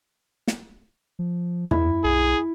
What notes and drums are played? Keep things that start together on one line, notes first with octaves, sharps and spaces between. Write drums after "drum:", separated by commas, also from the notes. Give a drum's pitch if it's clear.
drum: snare
F3
E2 E4, drum: tom
B1 G#4